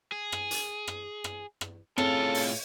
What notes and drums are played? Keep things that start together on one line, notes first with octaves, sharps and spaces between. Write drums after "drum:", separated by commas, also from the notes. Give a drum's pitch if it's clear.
G#4
drum: rim click
drum: hi-hat
drum: rim click
drum: rim click
drum: rim click
A2 C#3 C4 F4 A4, drum: rim click
drum: open hi-hat